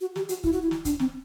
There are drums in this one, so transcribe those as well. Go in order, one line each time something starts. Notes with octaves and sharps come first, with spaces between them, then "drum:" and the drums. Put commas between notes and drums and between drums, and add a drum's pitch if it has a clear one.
F#4
G4, drum: snare
F#4, drum: hi-hat
E4, drum: kick
F#4
E4
drum: snare
D4, drum: kick, hi-hat
C4, drum: snare